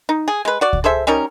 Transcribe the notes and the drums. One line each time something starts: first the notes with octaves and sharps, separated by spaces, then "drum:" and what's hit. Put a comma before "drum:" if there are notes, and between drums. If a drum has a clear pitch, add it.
D#4
G#4
G#3 B4
F#4 D5
drum: kick C#2
G#4 A4 C5 E5
G3 C#4 D#4 A#4